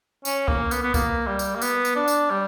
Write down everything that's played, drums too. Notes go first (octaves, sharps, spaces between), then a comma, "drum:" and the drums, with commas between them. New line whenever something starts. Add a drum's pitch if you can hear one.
C#4, drum: tambourine
A#3, drum: kick C2
B3, drum: tambourine
B3
A#3, drum: kick C2, tambourine
G3
drum: tambourine
A#3
B3, drum: tambourine
drum: tambourine
D4
drum: tambourine
G3